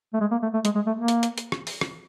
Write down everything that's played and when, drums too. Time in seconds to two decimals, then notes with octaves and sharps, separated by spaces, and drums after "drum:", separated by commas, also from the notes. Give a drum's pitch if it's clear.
0.14 A3
0.20 G#3
0.31 A#3
0.42 A3
0.54 A3
0.65 G#3, drum: hi-hat
0.75 G#3
0.87 A3
0.97 A#3
1.08 drum: hi-hat
1.23 drum: hi-hat
1.38 drum: hi-hat
1.52 drum: rim click
1.67 drum: open hi-hat
1.81 drum: rim click